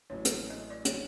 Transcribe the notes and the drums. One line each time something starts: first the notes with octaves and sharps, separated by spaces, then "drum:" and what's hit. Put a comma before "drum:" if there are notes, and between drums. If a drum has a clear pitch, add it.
A1 A2 F#3 C#5
drum: hi-hat
D#5
D5
C#5, drum: hi-hat